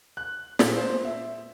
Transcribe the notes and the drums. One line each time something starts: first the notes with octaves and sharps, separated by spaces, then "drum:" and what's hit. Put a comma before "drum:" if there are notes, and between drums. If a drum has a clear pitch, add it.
F#6
A#2, drum: snare
C5
E5